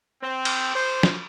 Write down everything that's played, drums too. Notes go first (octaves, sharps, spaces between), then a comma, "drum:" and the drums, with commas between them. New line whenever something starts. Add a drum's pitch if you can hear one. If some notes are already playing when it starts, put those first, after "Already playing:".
C4
drum: cymbal
C5
drum: snare